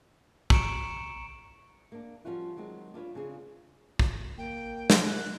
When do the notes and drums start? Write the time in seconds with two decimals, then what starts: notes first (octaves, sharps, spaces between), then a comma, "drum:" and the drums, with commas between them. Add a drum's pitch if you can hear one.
0.50 A#5 C#6 C#7 D7 E7, drum: kick
1.92 A#3 D4
2.25 F3 G3 C#4 F4 F#4
2.57 D#3 F#3 G#3 C4
2.94 D4 F4 B4 C#5
3.15 C#3 C4 D4 F4 G#4
3.99 drum: kick
4.38 A#3 G5
4.90 drum: snare
5.05 F#6